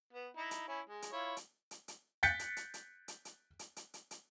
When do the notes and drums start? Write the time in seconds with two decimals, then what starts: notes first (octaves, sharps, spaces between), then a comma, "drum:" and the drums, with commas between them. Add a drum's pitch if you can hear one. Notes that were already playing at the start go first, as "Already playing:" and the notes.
0.13 B3
0.37 D#4 E4
0.51 drum: hi-hat
0.68 C#4 E4
0.89 G#3
1.02 drum: hi-hat
1.12 E4 F4 C#5
1.37 drum: hi-hat
1.71 drum: hi-hat
1.88 drum: hi-hat
2.23 F#6 G6 A6 B6 C#7, drum: hi-hat
2.39 drum: hi-hat
2.57 drum: hi-hat
2.74 drum: hi-hat
3.08 drum: hi-hat
3.25 drum: hi-hat
3.59 drum: hi-hat
3.76 drum: hi-hat
3.94 drum: hi-hat
4.11 drum: hi-hat